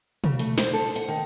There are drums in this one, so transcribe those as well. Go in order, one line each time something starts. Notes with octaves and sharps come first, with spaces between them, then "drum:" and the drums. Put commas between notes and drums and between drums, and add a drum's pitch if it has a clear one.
C#3, drum: tom
A3, drum: hi-hat
C5, drum: snare
A4
F#5, drum: hi-hat
D#3